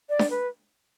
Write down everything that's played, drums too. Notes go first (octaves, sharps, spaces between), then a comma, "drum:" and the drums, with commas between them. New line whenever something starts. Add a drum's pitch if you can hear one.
D5
drum: snare D4
B4